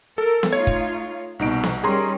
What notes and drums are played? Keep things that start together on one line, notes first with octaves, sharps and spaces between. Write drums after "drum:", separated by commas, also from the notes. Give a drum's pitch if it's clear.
A4 A#4
drum: snare B3
A3 D#4 F4 C#5 G#6
drum: kick
C2 B2 D#4 D7
drum: snare B3
D#3 G3 C#4 G#4 A#5 C6